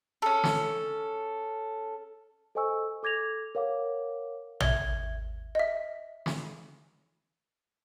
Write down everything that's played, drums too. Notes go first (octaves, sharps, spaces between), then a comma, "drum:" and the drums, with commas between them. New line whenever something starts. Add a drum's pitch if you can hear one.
C#4 A4
drum: snare
A4 C5 D#5 G#5 C#6 E6
A4 D6 G#6 A#6 F7
A#4 C#5 F5 F#5 D6
E5 G#6 G7, drum: tom
D#5 E5
drum: snare